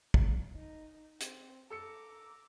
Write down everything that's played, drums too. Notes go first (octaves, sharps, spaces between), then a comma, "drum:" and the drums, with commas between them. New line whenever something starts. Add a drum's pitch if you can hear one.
drum: kick
D#4
C4, drum: hi-hat
A4 A#5 D6 E6 C#7